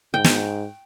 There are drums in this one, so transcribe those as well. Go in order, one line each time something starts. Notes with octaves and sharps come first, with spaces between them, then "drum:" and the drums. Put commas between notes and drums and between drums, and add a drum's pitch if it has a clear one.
G#2 G5
drum: snare